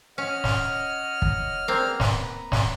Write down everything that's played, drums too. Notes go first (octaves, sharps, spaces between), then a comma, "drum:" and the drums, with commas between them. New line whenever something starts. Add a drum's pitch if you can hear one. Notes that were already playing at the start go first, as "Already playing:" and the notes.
C#4 C#5 D#5 F#5 F6
drum: snare
drum: kick
G#3 A#3 C4 D4 G#4
B3 B4 A#5
drum: snare
drum: snare